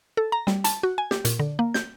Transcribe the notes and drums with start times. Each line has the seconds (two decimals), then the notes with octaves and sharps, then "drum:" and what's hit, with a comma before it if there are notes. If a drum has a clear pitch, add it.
0.17 A4
0.32 A#5
0.47 G3, drum: snare
0.64 A5, drum: hi-hat
0.83 F#4
0.98 G#5
1.11 G4, drum: snare
1.25 A#2, drum: hi-hat
1.40 D3
1.59 A#3
1.74 G6, drum: snare